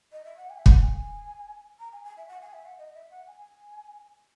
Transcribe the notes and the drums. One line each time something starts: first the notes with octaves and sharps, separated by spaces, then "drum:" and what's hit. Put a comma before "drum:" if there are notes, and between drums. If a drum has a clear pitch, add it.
D#5
E5
F#5
G#5
E5
F#5, drum: kick
G#5
A#5
G#5
G#5
E5
F#5
G#5
E5
F#5
D#5
E5
F#5
G#5